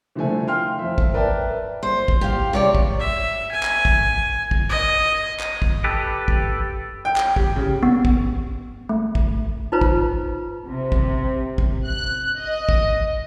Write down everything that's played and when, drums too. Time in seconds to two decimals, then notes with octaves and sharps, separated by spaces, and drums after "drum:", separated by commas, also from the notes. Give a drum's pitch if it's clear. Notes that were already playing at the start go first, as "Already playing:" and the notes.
0.15 C2 D3 F3 A3 G#5
0.47 F5 G5 C6 F6
0.79 F2 E5
0.98 drum: kick
1.14 A#4 B4 D5 E5 G5 A5
1.83 C5
2.08 drum: kick
2.21 G4 F5
2.53 C3 C#5 D5
2.75 drum: kick
3.00 E5
3.51 G#5
3.63 drum: clap
3.85 drum: kick
4.51 drum: kick
4.69 D#5
5.40 drum: clap
5.62 drum: kick
5.84 G4 A4 B4
6.28 drum: kick
7.05 G5
7.16 drum: clap
7.36 G4, drum: kick
7.56 C#3
7.83 B3
8.05 drum: kick
8.89 A3
9.15 drum: kick
9.72 D#4 F4 B4 C5 A#5
9.81 drum: kick
10.66 C3
10.92 drum: kick
11.58 drum: kick
11.86 F#6
12.39 D#5
12.69 drum: kick